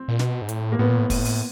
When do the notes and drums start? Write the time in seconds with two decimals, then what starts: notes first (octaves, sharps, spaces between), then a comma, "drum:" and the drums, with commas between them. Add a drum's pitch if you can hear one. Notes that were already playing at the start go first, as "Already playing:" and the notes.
Already playing: C4
0.08 A#2
0.19 B2, drum: snare
0.42 G#2
0.49 A2, drum: hi-hat
0.72 A#3
0.79 A2 B3
0.89 A#2
0.98 A2
1.10 A2, drum: kick, open hi-hat
1.25 drum: open hi-hat